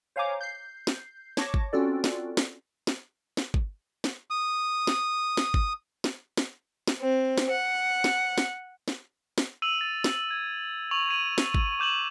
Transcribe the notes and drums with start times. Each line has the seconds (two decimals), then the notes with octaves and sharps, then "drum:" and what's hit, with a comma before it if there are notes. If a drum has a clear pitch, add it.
0.16 C5 C#5 F5 G#5 A#5 D6
0.41 G6 C7
0.87 drum: snare
1.37 C#5 A5 C#6 D6 A#6, drum: snare
1.54 drum: kick
1.73 C4 C#4 F4 F#4 A4 D5
2.04 drum: snare
2.37 drum: snare
2.87 drum: snare
3.37 drum: snare
3.54 drum: kick
4.04 drum: snare
4.30 D#6
4.87 drum: snare
5.37 drum: snare
5.54 drum: kick
6.04 drum: snare
6.37 drum: snare
6.88 drum: snare
7.02 C4
7.38 drum: snare
7.50 F#5
8.04 drum: snare
8.38 drum: snare
8.88 drum: snare
9.38 drum: snare
9.62 E6 D#7 F7 F#7
9.79 A6 D#7
10.04 drum: snare
10.31 G#6
10.91 C#6 F7 F#7
11.09 G#6 D#7 F#7
11.38 drum: snare
11.54 drum: kick
11.80 D6 G6 E7 F#7